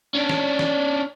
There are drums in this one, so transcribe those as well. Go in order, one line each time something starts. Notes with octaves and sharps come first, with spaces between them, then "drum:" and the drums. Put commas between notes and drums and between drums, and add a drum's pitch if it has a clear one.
C#4 D4
drum: snare
drum: snare